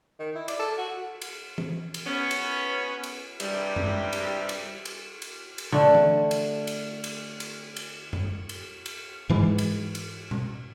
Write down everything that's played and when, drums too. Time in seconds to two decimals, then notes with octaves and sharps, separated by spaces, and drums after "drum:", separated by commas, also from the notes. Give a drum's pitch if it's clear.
0.19 D#3
0.35 E4
0.48 D5, drum: cymbal
0.59 A4
0.77 F#4
1.22 drum: cymbal
1.58 drum: tom E3
1.94 drum: cymbal
2.06 B3 C#4
2.31 drum: cymbal
3.03 drum: cymbal
3.40 G2 C3 E3 G3, drum: cymbal
3.76 drum: tom F#2
4.13 drum: cymbal
4.49 drum: cymbal
4.85 drum: cymbal
5.22 drum: cymbal
5.58 drum: cymbal
5.72 D3 A3
5.95 drum: tom E3
6.31 drum: cymbal
6.67 drum: cymbal
7.04 drum: cymbal
7.40 drum: cymbal
7.76 drum: cymbal
8.13 drum: tom F#2
8.49 drum: cymbal
8.86 drum: cymbal
9.29 G#2 E3 G#3
9.58 drum: cymbal
9.95 drum: cymbal
10.31 drum: tom B2